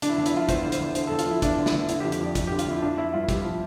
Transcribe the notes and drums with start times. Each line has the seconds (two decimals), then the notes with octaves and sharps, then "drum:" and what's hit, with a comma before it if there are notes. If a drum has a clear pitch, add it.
0.02 D3 D4, drum: hi-hat
0.09 E4
0.14 D4
0.18 E2
0.26 E4, drum: hi-hat
0.34 F3 F4
0.49 E2 C5, drum: kick, hi-hat
0.64 D3
0.72 C5, drum: hi-hat
0.80 E2
0.95 D3 C5, drum: hi-hat
1.07 A4
1.11 E2
1.19 F4, drum: hi-hat
1.26 F3 E4
1.42 E2 D4, drum: kick, hi-hat
1.58 D3
1.66 E4, drum: snare
1.73 E2
1.89 D3 E4, drum: hi-hat
2.00 G4
2.04 F2
2.12 G4, drum: hi-hat
2.20 F3 D5
2.35 F2, drum: kick, hi-hat
2.47 G4
2.51 D3
2.59 F4, drum: hi-hat
2.67 F2 E4
2.82 F3 D4
2.98 F3 E4
3.13 G2 F4
3.29 G2 G4, drum: kick, hi-hat
3.44 F3